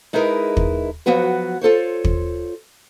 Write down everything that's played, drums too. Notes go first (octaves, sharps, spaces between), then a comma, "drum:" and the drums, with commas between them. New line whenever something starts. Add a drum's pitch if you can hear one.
G#3 D#4 E4 G#4 A#4 B4
drum: kick
F3 F#3 B3 F#4 B4
F4 A4 C5 C#5
drum: kick